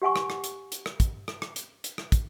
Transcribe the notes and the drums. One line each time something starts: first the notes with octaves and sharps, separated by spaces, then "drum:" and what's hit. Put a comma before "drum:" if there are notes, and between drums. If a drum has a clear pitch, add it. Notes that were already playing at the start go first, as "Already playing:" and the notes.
G4 F#5 G#5 C#6
drum: rim click
drum: rim click
drum: hi-hat
drum: hi-hat
drum: rim click
drum: kick, hi-hat
drum: rim click
drum: rim click
drum: hi-hat
drum: hi-hat
drum: rim click
drum: kick, hi-hat